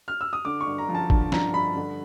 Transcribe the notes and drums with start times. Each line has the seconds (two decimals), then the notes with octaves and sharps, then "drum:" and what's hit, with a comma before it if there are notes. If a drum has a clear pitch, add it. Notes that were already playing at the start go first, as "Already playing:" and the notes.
0.08 F6
0.21 E6
0.33 D#6
0.45 D3 D6
0.61 C#6
0.67 G2
0.78 A#5
0.89 F3
0.95 A5
1.10 D3, drum: kick
1.32 G2 A#5, drum: snare
1.54 G2 B5
1.76 D3